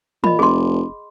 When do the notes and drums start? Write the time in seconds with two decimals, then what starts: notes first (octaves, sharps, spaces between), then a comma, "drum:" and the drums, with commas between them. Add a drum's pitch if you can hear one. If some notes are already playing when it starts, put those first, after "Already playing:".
0.24 A#2 D#5 B5, drum: tom
0.39 F1 G#4 C6